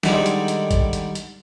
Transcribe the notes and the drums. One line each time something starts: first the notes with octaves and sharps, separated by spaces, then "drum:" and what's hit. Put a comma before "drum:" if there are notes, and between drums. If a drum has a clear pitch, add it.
D3 D#3 G3 G#3, drum: snare
drum: hi-hat
drum: hi-hat
drum: kick G#1, hi-hat
drum: hi-hat
drum: hi-hat